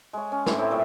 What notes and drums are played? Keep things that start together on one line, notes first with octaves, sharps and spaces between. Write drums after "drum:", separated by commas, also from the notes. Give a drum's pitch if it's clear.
G#3 C#5
C#4
A2 E3 E4 C6, drum: snare
A2 C4 E4
A#2 G3 E5 C#6